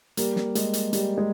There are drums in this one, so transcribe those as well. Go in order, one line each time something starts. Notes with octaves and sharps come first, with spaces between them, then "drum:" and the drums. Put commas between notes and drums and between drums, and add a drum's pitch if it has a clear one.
G3 A#3, drum: hi-hat
drum: snare
G#3, drum: hi-hat
drum: hi-hat
G3, drum: hi-hat
G#3